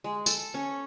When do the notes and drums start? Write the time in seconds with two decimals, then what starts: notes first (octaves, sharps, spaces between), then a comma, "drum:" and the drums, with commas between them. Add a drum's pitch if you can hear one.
0.04 G#3
0.26 A4, drum: tambourine
0.54 C#4